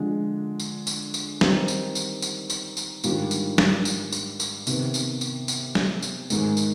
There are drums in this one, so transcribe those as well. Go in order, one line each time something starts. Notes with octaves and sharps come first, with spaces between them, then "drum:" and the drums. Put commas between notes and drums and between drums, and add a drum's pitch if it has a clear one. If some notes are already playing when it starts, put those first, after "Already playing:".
Already playing: D3 F3 G#3 D4
drum: tambourine
drum: tambourine
drum: tambourine
D#3 G3 C4 D#4, drum: snare
drum: tambourine
drum: tambourine
drum: tambourine
drum: tambourine
drum: tambourine
G#2 D#3 G3 D4 F4, drum: tambourine
drum: tambourine
drum: snare
drum: tambourine
drum: tambourine
drum: tambourine
C3 D#3 B3, drum: tambourine
drum: tambourine
drum: tambourine
drum: tambourine
drum: snare
drum: tambourine
G#2 D#3 G#3, drum: tambourine
drum: tambourine